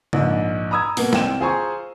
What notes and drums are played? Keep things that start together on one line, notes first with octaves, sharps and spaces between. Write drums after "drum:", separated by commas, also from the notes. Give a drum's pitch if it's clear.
A#1 G#2, drum: tom C#3
A#5 B5 D#6 E6 G#6
B2 A#3, drum: open hi-hat
C2 C4 G5 E7, drum: snare
F4 G#4 C5 G#5 A#5 C#6